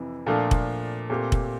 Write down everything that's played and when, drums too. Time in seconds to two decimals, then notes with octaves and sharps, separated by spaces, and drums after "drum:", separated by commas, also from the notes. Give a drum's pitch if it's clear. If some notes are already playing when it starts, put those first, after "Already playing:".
Already playing: F2 C3 E3
0.26 A#2 F3 A3 D4 A4
0.51 drum: kick F1
1.10 A#2 A3 C4 G4
1.32 drum: kick F1